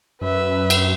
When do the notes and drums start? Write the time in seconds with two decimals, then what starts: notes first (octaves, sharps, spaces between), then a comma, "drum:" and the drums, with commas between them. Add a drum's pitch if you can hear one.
0.21 F#2 B4 E5
0.70 drum: cymbal